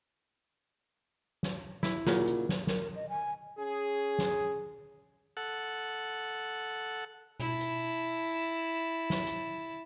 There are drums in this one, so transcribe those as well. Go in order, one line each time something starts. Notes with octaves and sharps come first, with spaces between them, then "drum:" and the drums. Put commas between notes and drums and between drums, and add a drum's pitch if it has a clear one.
drum: snare
E4, drum: snare
A#2 C#3 F#3, drum: snare
drum: hi-hat
drum: snare
A#4, drum: snare
D#5
G#5
C#4 G#4
drum: snare
A4 F#5
E4 A5, drum: tom B2
drum: hi-hat
drum: snare
drum: hi-hat